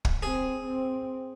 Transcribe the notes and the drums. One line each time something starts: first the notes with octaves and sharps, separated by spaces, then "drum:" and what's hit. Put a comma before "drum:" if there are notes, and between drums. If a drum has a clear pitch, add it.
drum: kick
C4 G#4
C4